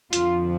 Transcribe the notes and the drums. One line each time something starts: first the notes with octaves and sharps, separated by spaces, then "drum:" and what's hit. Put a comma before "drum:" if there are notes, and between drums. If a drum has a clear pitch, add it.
F2 D3 F3 F4, drum: hi-hat